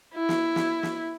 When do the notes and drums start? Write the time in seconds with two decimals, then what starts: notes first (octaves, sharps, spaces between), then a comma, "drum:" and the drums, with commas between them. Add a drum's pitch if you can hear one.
0.15 E4
0.29 drum: snare
0.56 drum: snare
0.83 drum: snare